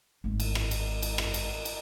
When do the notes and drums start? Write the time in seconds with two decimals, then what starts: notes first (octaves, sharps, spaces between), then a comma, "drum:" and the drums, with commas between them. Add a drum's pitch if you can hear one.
0.24 G#1 G#3
0.40 drum: cymbal
0.55 drum: rim click
0.71 drum: cymbal
1.02 drum: cymbal
1.18 drum: rim click
1.34 drum: cymbal
1.65 drum: cymbal